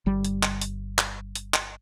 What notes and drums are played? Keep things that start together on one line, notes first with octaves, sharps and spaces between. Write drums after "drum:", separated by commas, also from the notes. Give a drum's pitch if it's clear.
G1 G3
drum: hi-hat
drum: clap
drum: hi-hat
drum: clap
drum: hi-hat
drum: clap